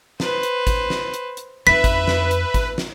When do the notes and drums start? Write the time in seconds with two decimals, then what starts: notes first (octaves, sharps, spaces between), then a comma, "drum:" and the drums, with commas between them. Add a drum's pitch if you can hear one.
0.20 B4 C5, drum: snare
0.43 drum: hi-hat
0.67 drum: kick G#1, hi-hat
0.90 drum: snare
1.14 drum: hi-hat
1.37 drum: hi-hat
1.67 F2 D#4 B4 E5 B6
1.84 drum: kick G#1, hi-hat
2.07 drum: snare
2.31 drum: hi-hat
2.54 drum: kick G#1, hi-hat
2.78 drum: snare